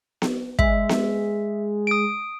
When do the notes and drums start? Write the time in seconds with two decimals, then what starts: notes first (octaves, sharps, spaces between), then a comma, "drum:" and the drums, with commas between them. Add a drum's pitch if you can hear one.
0.22 drum: snare B3
0.59 G#3 E5, drum: kick
0.89 drum: snare B3
1.87 D#6 D7